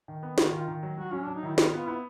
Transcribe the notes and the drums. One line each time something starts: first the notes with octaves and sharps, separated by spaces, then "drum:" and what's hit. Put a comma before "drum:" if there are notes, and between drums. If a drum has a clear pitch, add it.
D#3
B3
D#3 F4, drum: snare
F#4
D#3 F4
D#3
F#3
F#3 F#4
F#3 C#4
F#3 D4
D#4
D#3 E4
B3 F4, drum: snare
B3 F4
B3 E4